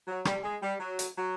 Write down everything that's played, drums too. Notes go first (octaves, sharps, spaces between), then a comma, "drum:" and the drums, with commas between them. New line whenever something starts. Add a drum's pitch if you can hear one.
F#3
G3, drum: rim click
G#3
G3
F#3
drum: hi-hat
F#3